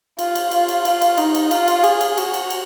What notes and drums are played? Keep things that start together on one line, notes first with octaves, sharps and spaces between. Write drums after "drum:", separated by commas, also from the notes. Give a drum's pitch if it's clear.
F4, drum: cymbal
drum: cymbal
F4, drum: cymbal
drum: cymbal
F4, drum: cymbal
drum: cymbal
D#4, drum: cymbal
drum: cymbal
F4, drum: cymbal
drum: cymbal
G#4, drum: cymbal
drum: cymbal
F#4, drum: cymbal
drum: cymbal
drum: cymbal